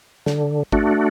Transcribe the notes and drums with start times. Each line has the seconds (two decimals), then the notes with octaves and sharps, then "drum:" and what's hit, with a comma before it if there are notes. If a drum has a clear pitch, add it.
0.26 D3, drum: snare
0.72 A3 D4 F#4, drum: kick